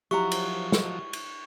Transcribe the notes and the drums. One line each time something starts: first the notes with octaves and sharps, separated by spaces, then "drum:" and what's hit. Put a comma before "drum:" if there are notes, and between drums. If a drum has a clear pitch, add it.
F3 F#3 E4 F#4 G4 A#5 C#6
drum: cymbal
drum: snare
drum: cymbal